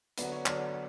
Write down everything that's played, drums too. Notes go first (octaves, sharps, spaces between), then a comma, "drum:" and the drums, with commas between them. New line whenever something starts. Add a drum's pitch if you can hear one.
D3 F#3 B3 D4 B4, drum: hi-hat
C#5
D3 F#3 B3 D4, drum: clap